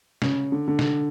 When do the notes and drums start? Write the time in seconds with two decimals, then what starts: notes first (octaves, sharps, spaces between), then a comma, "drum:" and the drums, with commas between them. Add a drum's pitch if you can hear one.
0.22 C#3, drum: snare
0.52 D3
0.68 D3
0.79 drum: snare